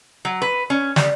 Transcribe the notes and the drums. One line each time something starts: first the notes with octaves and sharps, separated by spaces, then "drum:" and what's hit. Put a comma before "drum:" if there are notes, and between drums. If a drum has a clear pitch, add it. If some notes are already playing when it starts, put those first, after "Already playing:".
F#3
B4
C#4
G3, drum: snare